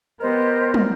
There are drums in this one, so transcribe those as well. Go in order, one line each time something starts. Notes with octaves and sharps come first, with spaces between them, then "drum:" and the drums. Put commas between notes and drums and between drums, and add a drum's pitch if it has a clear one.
B3 G4 A#4 C5 D#5
drum: tom